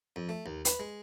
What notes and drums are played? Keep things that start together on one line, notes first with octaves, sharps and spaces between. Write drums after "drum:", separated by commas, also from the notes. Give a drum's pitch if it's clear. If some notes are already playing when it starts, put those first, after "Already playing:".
F2
A3
D#2
B4, drum: hi-hat
G#3